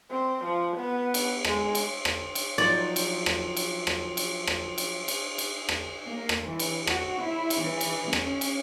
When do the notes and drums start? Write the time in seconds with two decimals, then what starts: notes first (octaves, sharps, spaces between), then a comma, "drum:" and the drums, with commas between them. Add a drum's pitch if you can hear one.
0.11 C4
0.45 F3
0.77 B3
1.14 drum: cymbal
1.45 G#3, drum: rim click
1.75 drum: cymbal
2.05 drum: rim click
2.35 drum: cymbal
2.58 F3 F#3 D#4 D5
2.96 drum: cymbal
3.26 drum: rim click
3.57 drum: cymbal
3.87 drum: rim click
4.17 drum: cymbal
4.47 drum: rim click
4.78 drum: cymbal
5.08 drum: cymbal
5.38 drum: cymbal
5.69 drum: rim click
6.07 A#3
6.29 drum: rim click
6.49 E3
6.59 drum: cymbal
6.87 F#4, drum: rim click
7.23 E4
7.50 drum: cymbal
7.62 E3
7.81 drum: cymbal
8.13 C#4, drum: rim click
8.41 drum: cymbal